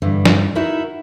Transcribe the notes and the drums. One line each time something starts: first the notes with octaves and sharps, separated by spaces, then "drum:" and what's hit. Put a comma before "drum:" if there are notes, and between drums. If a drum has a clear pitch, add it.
G2 D3 E3
drum: snare
D#4 E4 F#4 A#4 E5